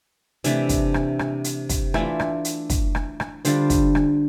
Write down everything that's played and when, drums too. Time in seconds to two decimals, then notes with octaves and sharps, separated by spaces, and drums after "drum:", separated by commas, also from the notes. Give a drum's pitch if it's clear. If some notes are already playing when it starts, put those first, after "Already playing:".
0.44 C3 E3 A3 D4 E5, drum: hi-hat
0.69 drum: kick, hi-hat
0.94 drum: rim click
1.19 drum: rim click
1.44 drum: hi-hat
1.69 drum: kick, hi-hat
1.94 E3 A3 D4 F4 E5, drum: rim click
2.20 drum: rim click
2.45 drum: hi-hat
2.70 drum: kick, hi-hat
2.95 drum: rim click
3.20 drum: rim click
3.45 D3 G3 D4 F4 C5, drum: hi-hat
3.70 drum: kick, hi-hat
3.95 drum: rim click